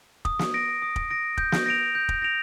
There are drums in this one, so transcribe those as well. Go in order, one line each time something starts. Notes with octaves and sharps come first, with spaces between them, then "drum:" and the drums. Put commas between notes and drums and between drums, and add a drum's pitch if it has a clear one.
D#6, drum: kick
drum: snare
A#6 D7
D#6
drum: kick
A#6 D7
G6, drum: kick
drum: snare
A#6 D7 F7
G6
drum: kick
A#6 D7 F7